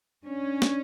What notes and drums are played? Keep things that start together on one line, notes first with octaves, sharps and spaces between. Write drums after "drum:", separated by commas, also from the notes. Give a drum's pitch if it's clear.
C#4 D4
drum: snare